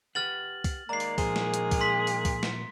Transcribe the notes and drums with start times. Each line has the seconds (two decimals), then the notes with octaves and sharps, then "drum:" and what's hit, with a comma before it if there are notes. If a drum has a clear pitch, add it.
0.15 G4 B4 F#5 F6 A6 F#7
0.64 drum: kick C2, open hi-hat
0.89 D#3 G#3 A#3 D5 A#5 C7
1.00 drum: open hi-hat
1.18 A#2 F3 G#4 C5, drum: kick C2, open hi-hat
1.36 drum: snare
1.54 drum: hi-hat
1.71 drum: kick C2, open hi-hat
1.81 C6 B6
2.07 drum: open hi-hat
2.25 drum: kick C2, open hi-hat
2.43 drum: snare